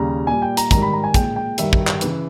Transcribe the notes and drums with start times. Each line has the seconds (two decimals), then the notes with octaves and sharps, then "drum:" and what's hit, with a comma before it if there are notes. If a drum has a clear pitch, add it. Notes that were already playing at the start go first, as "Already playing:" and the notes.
Already playing: D#2 C#3 G3 A#5
0.27 A#2 G3 G#5
0.42 G5
0.57 A#5, drum: hi-hat
0.71 G#2 D#3 G3 A#5, drum: kick, hi-hat
0.82 B5
0.93 A#5
1.04 G#5
1.14 A#2 G#3 G5, drum: kick, hi-hat
1.36 G5
1.58 G2 D#3 G3 E5, drum: hi-hat
1.73 drum: kick
1.87 drum: clap
2.01 C#3 E3, drum: hi-hat